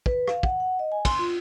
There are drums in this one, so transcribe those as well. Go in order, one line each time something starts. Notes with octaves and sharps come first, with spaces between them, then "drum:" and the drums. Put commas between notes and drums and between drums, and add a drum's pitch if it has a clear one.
B4, drum: kick
F5, drum: rim click
F#5, drum: kick
F#5
D#5
G#5
C6, drum: kick, cymbal
F4